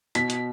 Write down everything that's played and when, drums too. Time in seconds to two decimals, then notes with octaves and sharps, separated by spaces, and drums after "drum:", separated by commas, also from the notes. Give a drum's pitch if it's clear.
0.15 B2 B6, drum: hi-hat
0.30 drum: hi-hat